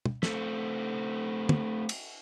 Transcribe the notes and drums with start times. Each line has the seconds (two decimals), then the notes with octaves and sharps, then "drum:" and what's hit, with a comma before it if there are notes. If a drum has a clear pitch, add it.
0.05 drum: tom
0.23 A3 C4, drum: snare
1.49 drum: tom
1.89 drum: cymbal